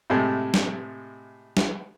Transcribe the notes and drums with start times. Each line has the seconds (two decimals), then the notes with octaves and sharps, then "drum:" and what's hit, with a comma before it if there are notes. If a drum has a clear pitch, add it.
0.10 A2 C3 G#3 A3
0.54 drum: snare
1.57 drum: snare